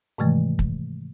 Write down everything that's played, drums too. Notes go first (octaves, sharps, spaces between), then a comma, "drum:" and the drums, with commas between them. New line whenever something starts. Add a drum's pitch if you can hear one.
G#2 C3 D#3 E3 G#3 A3
drum: kick